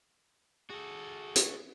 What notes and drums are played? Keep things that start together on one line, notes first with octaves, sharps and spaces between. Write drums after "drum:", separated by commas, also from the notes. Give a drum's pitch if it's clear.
F#4 G#4 A4
drum: hi-hat